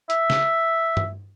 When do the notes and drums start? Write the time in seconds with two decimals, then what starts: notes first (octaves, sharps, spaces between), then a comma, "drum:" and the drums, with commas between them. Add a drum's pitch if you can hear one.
0.10 E5, drum: hi-hat
0.30 drum: snare
0.97 drum: tom G2